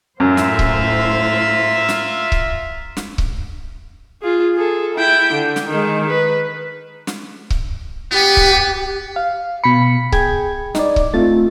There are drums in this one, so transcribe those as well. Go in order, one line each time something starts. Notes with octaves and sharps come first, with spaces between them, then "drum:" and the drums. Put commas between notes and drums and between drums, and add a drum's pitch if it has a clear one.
F#2 A2 A#3 F4 C5 E5
drum: snare
drum: kick C#1
drum: snare
drum: kick C#1
drum: snare
drum: kick C#1
F4 G#4
G#4 A4
E4 G5
D3
drum: snare
D#3 G#3
B4
drum: snare
drum: kick C#1
B3 G4
drum: kick C#1
F5
B2 B5 B6 C#7
G#4 G5 G#6, drum: kick C#1
D#4 D5, drum: snare
drum: kick C#1
A3 C4 F4 A6